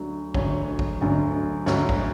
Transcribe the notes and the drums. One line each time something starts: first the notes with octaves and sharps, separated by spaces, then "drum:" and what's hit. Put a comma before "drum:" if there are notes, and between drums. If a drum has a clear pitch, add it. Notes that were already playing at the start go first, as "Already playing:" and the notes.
Already playing: D2 D3 F#3
D2 D3 F#3 C#5, drum: kick
drum: kick
D2 D3 F#3
D2 D3 F#3 C#5, drum: snare
drum: kick